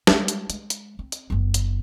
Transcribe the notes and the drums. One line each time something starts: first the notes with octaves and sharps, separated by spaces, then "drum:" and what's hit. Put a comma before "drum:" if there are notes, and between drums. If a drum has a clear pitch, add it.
G3 G#3, drum: snare
drum: hi-hat
G#3, drum: hi-hat
drum: hi-hat
C4
drum: hi-hat
F#1 B3
drum: hi-hat